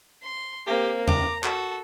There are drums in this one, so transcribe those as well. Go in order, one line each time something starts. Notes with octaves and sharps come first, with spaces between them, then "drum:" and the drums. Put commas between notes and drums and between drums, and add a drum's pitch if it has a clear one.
C6
A#3 C4 G4
A#5 D6, drum: tom E2
F#4 A4, drum: clap